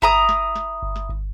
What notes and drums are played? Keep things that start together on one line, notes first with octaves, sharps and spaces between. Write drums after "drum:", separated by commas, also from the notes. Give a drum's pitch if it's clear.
E4 A#5 D#6, drum: kick G1
drum: snare
drum: snare
drum: kick G1
drum: snare
drum: kick G1